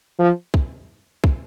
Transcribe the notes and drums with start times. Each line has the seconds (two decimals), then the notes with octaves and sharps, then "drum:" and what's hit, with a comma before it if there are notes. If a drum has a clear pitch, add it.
0.19 F3
0.54 drum: kick
1.24 drum: kick